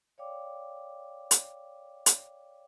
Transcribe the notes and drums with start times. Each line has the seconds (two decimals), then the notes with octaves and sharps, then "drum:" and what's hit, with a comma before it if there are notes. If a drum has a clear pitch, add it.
0.18 C#5 D5 F5 G5 D6
1.31 drum: hi-hat
2.06 drum: hi-hat